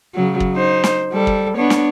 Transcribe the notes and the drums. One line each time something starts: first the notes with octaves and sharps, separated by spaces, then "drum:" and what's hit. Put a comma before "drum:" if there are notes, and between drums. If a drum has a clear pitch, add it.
C#3 F#3
drum: kick
D#4 C5
drum: snare
G3 A4
drum: kick
B3 D4 C#5
drum: snare